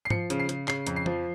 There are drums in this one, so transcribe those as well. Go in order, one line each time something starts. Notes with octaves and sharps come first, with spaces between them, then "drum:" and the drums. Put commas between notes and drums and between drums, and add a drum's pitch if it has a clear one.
C7
F3 C#7, drum: tom G#2
C#3, drum: hi-hat
C7
C#3, drum: hi-hat
C#3 C7, drum: clap
F2, drum: hi-hat
C7
F3, drum: tom